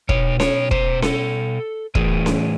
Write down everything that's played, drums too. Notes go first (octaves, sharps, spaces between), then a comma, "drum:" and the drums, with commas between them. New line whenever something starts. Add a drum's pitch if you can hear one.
B2 C#5, drum: kick
C#5, drum: snare C#4
C5, drum: kick
A4, drum: snare C#4
A2 E3 G#4, drum: kick
drum: snare C#4